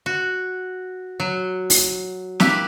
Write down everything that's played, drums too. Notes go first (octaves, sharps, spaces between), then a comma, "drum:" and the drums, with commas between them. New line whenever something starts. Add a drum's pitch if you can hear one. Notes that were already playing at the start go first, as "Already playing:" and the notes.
F#4
F#3
drum: open hi-hat
A#3 E4 G4 B4, drum: snare